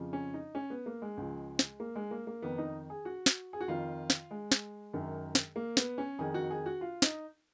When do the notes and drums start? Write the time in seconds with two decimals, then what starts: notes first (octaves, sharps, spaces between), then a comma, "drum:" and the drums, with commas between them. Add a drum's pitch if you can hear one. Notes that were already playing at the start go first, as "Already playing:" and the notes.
Already playing: F2 C#3 F3
0.13 C#4
0.34 D#4
0.55 C#4
0.70 B3
0.86 A#3
1.02 G#3
1.17 C#2 C#3 F3
1.59 drum: snare
1.80 A#3
1.96 G#3
2.11 A#3
2.27 A#3
2.42 F2 D#3 B3
2.58 D#4
2.90 G#4
3.05 F#4
3.26 drum: snare
3.53 G#4
3.61 F#4
3.68 F2 D#3 F4
4.10 drum: snare
4.31 G#3
4.52 drum: snare
4.94 F#2 D#3
5.35 drum: snare
5.56 A#3
5.77 B3, drum: snare
5.98 C#4
6.18 F2 D#3 G#4
6.34 F#4
6.51 G#4
6.66 F#4
6.81 F4
7.02 D#4, drum: snare